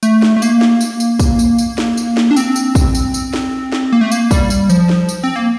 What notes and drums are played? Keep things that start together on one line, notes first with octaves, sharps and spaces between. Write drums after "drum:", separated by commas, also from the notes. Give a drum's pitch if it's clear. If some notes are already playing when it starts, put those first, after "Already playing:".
A3, drum: tambourine
drum: snare
A3
A#3, drum: tambourine
drum: snare
drum: tambourine
drum: tambourine
drum: kick, tambourine
drum: tambourine
drum: tambourine
drum: snare
drum: tambourine
drum: snare
D4
C4, drum: tambourine
drum: tambourine
drum: kick, tambourine
drum: tambourine
drum: tambourine
drum: snare
drum: snare
A#3
A3
A#3, drum: tambourine
G3, drum: kick, tambourine
drum: tambourine
F3, drum: tambourine
drum: snare
drum: tambourine
C4
A#3